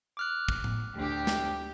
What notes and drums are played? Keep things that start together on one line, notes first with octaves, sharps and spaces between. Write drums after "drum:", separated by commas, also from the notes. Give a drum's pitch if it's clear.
D6 F6 F#6
drum: kick
drum: tom A2
D2 G4
drum: snare